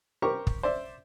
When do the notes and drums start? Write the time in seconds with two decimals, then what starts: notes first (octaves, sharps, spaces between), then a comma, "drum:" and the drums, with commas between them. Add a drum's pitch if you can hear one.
0.22 G4 A#4 C5 C#6
0.47 drum: kick
0.63 C5 D5 E5